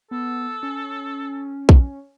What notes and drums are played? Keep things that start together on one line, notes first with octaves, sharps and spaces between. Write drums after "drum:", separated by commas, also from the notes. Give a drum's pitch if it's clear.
B3 A4
C#4
drum: kick